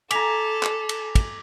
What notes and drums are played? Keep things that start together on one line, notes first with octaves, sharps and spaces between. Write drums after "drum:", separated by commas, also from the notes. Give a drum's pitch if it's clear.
A4 G#5 A#5 D6 B6 F7, drum: cymbal
drum: clap
drum: cymbal
drum: kick, cymbal